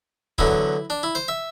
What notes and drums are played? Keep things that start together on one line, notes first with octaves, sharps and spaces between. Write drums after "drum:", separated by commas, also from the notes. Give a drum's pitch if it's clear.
E2 D3 F#3 E4, drum: kick
D4
E4
C5
E5